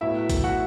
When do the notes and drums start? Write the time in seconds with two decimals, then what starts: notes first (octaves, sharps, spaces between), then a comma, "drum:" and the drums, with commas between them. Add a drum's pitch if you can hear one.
0.01 A2 F#3 B3 E4 E5
0.29 drum: kick G#1, hi-hat
0.44 F#4 F#5